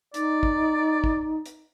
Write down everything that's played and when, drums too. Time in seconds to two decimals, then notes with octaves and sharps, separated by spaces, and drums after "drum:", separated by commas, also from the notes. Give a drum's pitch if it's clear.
0.14 D#4 D5, drum: hi-hat
0.43 drum: kick
1.04 drum: kick
1.46 drum: hi-hat